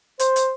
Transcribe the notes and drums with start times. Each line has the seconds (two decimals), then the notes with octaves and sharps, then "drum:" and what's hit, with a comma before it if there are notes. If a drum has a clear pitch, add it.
0.19 C5, drum: hi-hat
0.36 drum: hi-hat